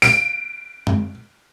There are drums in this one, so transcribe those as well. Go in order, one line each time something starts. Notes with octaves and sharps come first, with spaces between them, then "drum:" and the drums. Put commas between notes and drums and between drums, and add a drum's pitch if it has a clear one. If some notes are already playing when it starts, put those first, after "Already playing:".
D7, drum: open hi-hat
drum: tom F#2